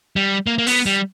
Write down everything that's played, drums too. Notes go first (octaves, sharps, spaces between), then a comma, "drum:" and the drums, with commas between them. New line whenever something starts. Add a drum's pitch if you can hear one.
G3
A#3
A#3
B3, drum: open hi-hat
G3